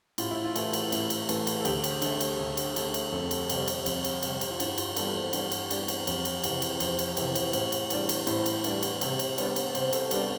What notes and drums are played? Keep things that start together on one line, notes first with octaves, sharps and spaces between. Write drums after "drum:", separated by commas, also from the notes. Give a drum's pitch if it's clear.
A2 F4, drum: cymbal
E4
F4
E3 A3, drum: cymbal
drum: cymbal
A2, drum: cymbal
drum: cymbal
E3 A3, drum: cymbal
drum: cymbal
A4
D2 G4, drum: cymbal
drum: cymbal
D3 A3, drum: cymbal
drum: cymbal
D2
drum: cymbal
D3 A3, drum: cymbal
drum: cymbal
F2 A4
drum: cymbal
C3 G3, drum: cymbal
drum: cymbal
F2, drum: cymbal
drum: cymbal
C3 G3, drum: cymbal
drum: cymbal
F4
G2 E4, drum: cymbal
F4, drum: cymbal
E3 G3 B3 D4 A4, drum: cymbal
B4
C5
G2 D5, drum: cymbal
drum: cymbal
E3 G3 B3 D4, drum: cymbal
drum: cymbal
F2, drum: cymbal
drum: cymbal
C3 E3, drum: cymbal
drum: cymbal
F2 C5, drum: cymbal
drum: cymbal
C3 E3, drum: cymbal
drum: cymbal
A2, drum: cymbal
drum: cymbal
E3 G3 D4, drum: cymbal
drum: cymbal
A2 C5, drum: cymbal
drum: cymbal
E3 G3 D4, drum: cymbal
drum: cymbal
C3, drum: cymbal
drum: cymbal
G3 B3 D4, drum: cymbal
drum: cymbal
C3 C5, drum: cymbal
A4, drum: cymbal
G3 B3 D4 G4, drum: cymbal